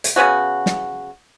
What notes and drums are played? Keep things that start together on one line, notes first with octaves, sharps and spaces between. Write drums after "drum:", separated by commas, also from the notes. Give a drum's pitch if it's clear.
drum: hi-hat
C#3 B3 C#4 F#4
drum: snare